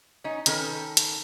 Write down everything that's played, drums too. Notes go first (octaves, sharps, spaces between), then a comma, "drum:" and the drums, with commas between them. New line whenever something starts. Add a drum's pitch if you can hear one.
C#4 D#4
D#3 C#4 A4 B4, drum: hi-hat
drum: hi-hat